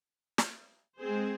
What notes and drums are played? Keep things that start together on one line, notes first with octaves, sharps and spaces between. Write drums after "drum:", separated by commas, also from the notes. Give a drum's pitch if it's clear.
drum: snare
G#3 C4 G#4 C5